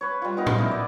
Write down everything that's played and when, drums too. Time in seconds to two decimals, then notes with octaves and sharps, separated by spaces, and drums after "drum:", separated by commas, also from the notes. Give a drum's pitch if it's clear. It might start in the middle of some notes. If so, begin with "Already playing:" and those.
0.01 B4 C#5
0.22 G3 F4
0.37 B3 D#4 A#4
0.47 drum: tom A2
0.56 A3 D#4 E4
0.71 D5